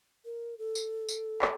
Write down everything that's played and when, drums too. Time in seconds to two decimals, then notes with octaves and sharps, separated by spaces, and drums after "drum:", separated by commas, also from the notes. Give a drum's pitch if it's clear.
0.25 A#4
0.59 A4
0.75 drum: tambourine
1.09 drum: tambourine
1.42 drum: clap